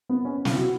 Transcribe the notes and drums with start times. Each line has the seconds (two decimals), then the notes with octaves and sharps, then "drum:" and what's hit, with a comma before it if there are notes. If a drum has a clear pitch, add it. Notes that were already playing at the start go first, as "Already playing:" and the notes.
0.09 B3
0.25 C#4
0.45 E4, drum: snare
0.57 F#4